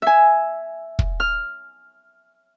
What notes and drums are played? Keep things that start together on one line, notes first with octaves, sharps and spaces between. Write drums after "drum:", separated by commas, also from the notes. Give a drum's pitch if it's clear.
E5 G#5
drum: kick
F6